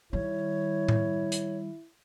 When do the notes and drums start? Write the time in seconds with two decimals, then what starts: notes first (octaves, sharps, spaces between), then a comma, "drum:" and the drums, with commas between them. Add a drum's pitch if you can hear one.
0.13 D#3 G3 E4 C#5
0.88 drum: tom A2
1.32 drum: hi-hat